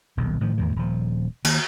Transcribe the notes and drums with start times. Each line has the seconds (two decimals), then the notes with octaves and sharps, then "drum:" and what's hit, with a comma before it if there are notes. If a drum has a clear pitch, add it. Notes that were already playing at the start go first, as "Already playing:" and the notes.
0.17 D#1 B1 D#3
0.41 A2 D#3 F3
0.58 E2 A2 D#3 E3
0.76 D#1 F3
1.45 D#3 A#3, drum: cymbal